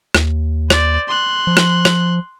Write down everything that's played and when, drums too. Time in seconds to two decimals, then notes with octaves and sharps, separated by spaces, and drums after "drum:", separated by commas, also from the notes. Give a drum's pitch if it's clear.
0.14 D#2, drum: rim click
0.70 C5 D5, drum: rim click
1.08 C6 F#6
1.47 F3
1.57 drum: rim click
1.85 drum: rim click